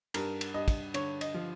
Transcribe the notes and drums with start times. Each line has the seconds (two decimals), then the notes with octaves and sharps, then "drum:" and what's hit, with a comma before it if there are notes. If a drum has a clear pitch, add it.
0.14 G2 A#4, drum: cymbal
0.41 drum: cymbal
0.54 G2 D#5
0.68 drum: kick, cymbal
0.94 D3 C#5, drum: cymbal
1.21 D#5, drum: cymbal
1.34 F3